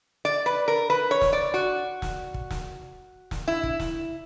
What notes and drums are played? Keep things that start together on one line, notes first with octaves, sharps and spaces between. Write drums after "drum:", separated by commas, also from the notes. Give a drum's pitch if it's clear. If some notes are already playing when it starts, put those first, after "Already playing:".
D5
B4
A#4
B4
C#5
drum: snare
D5
F#4
drum: snare
drum: kick
drum: snare
drum: snare
E4
drum: kick
drum: snare